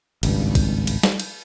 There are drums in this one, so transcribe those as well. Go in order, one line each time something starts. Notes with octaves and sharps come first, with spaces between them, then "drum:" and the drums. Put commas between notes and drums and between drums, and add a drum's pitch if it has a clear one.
G#1 C#2 G2, drum: cymbal
drum: kick, cymbal
drum: cymbal
drum: snare
drum: cymbal